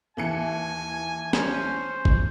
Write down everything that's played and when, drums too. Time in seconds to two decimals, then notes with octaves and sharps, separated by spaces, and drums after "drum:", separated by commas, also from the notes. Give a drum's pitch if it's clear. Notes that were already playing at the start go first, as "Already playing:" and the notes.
0.17 D#2 E3 G#5 C#7
1.33 C#4 C5, drum: snare
2.05 drum: kick